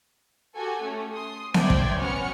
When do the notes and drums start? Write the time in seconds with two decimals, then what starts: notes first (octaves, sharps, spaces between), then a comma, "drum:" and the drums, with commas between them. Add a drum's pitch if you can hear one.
0.54 F#4 G4 A4 G#5
0.83 A3 C#4
1.12 C6 D#6
1.54 C5 D5 E5 G5 C6 G#6, drum: snare B3
1.70 drum: kick
1.96 B3 C#4 F#4 F#5 F6 C#7